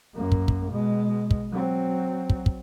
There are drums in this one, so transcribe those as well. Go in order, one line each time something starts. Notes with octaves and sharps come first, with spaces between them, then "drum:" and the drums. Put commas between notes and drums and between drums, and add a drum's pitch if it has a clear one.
F#2 A#3
drum: kick
drum: kick
B2 G#3
drum: kick
F#3 C4
drum: kick
drum: kick